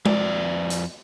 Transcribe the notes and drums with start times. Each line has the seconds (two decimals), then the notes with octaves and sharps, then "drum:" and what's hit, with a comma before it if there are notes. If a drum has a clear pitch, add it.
0.06 F2 D5, drum: tom G#3
0.70 drum: hi-hat